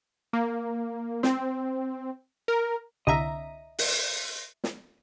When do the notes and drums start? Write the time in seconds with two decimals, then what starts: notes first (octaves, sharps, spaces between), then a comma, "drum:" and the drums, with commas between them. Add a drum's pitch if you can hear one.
0.33 A#3
1.23 C4, drum: snare
2.48 A#4
3.07 C2 D3 D#5 E5 A#5
3.79 drum: open hi-hat
4.64 drum: snare